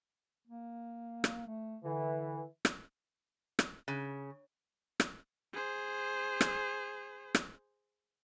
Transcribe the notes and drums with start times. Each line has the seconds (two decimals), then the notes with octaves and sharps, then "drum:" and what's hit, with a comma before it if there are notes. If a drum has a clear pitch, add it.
0.48 A#3
1.24 drum: rim click
1.47 A3
1.84 D3 E3
2.65 drum: rim click
3.59 drum: rim click
3.88 C#3
5.00 drum: rim click
5.53 G#4 C5
6.41 drum: rim click
7.35 drum: rim click